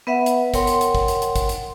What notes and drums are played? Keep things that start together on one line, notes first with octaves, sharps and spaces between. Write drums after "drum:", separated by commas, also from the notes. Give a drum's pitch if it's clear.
B3 B4 E5 F#5
drum: hi-hat
A#4 C#5 F#5 G5 C6, drum: kick, hi-hat
drum: hi-hat
drum: hi-hat
drum: kick
drum: hi-hat
drum: hi-hat
drum: kick, hi-hat
drum: hi-hat